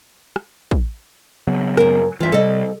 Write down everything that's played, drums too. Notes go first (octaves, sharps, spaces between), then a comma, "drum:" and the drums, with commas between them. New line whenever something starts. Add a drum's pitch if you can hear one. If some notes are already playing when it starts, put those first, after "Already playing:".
drum: rim click
drum: kick
C#3 F#3 B3
F#2 A#4, drum: rim click
G2 E3 F4 E5
C3 G3 A4 D#5